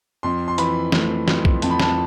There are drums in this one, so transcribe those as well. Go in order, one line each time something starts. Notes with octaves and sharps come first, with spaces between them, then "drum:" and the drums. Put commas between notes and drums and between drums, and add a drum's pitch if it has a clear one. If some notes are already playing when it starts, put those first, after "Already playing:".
F2 C6
C6
E3 B5, drum: hi-hat
A3, drum: snare
F2, drum: snare
drum: kick
F2 A5, drum: hi-hat
B5
A5, drum: snare